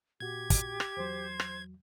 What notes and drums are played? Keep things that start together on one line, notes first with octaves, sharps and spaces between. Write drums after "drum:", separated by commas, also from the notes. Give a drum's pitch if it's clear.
A#2 F#4 G4 G#6
drum: kick, hi-hat
drum: rim click
E2 F#3 C5
drum: rim click